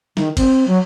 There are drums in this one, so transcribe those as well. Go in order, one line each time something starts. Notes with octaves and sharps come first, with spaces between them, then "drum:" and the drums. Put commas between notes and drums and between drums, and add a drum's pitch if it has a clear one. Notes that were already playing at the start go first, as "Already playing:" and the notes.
D#3, drum: snare
C4, drum: kick, cymbal
F#3